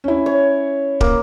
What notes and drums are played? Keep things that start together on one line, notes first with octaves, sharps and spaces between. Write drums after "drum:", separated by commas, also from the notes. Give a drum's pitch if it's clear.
C#4 E4
C#5
A#3, drum: kick